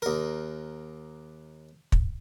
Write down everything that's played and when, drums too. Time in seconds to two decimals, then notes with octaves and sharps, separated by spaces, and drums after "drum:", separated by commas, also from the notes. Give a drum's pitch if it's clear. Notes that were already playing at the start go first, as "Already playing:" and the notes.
0.02 D#2 A#4
1.92 drum: kick